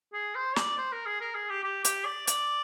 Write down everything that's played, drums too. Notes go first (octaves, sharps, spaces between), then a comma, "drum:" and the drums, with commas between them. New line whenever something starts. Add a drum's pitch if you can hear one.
G#4
C5
D5, drum: snare
C5
A#4
G#4
A#4
G#4
G4
G4
G4, drum: hi-hat
D5
D5, drum: hi-hat